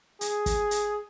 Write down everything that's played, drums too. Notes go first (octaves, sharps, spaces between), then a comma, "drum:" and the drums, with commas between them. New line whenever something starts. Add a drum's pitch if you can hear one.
G#4, drum: hi-hat
drum: kick, hi-hat
drum: hi-hat